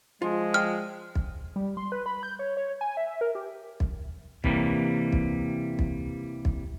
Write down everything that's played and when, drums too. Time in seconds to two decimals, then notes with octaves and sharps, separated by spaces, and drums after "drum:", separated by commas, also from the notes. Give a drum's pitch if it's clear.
0.22 F3 G#3 F4
0.54 D5 G5 C6 F6
1.15 drum: kick
1.56 G3
1.77 C6
1.92 B4
2.06 B5
2.23 G6
2.39 C#5
2.57 C#5
2.81 G#5
2.97 E5
3.21 A#4
3.35 G4
3.80 drum: kick
4.44 C3 E3 G3 G#3 A#3, drum: kick
5.13 drum: kick
5.79 drum: kick
6.45 drum: kick